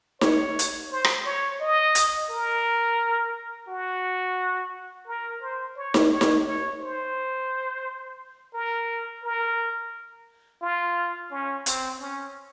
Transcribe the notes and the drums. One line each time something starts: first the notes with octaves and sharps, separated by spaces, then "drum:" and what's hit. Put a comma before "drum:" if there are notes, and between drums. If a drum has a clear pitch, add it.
C#5, drum: snare D#4
drum: hi-hat
C5
drum: rim click
C#5
D#5
drum: hi-hat
A#4
F#4
A#4
C5
C#5
drum: snare D#4
C#5
drum: snare D#4
C#5
C5
A#4
A#4
F4
C#4
C4, drum: hi-hat
C#4